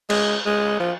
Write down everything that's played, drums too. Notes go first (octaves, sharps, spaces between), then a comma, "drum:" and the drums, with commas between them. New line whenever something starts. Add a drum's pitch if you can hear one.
G#3, drum: cymbal
G#3
F3